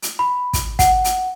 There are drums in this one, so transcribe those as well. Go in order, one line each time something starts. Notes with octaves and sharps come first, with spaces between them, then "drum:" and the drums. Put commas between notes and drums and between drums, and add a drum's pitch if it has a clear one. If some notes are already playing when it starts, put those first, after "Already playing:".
drum: hi-hat
B5
drum: kick, hi-hat
F#5, drum: kick, hi-hat
drum: hi-hat